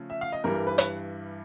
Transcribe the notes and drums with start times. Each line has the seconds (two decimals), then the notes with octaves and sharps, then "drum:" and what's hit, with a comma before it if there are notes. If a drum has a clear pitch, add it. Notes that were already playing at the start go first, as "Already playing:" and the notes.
Already playing: C#3 F3 A3 C#4
0.10 E5
0.21 F5
0.32 D#5
0.44 G2 E3 G3 A#4
0.55 A#4
0.67 B4
0.78 B4, drum: hi-hat